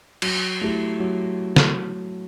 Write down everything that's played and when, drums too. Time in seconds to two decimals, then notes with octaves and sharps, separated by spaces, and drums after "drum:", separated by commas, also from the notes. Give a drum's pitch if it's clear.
0.22 F#3, drum: cymbal
0.61 A3 E4 G4
1.00 F#3
1.56 drum: snare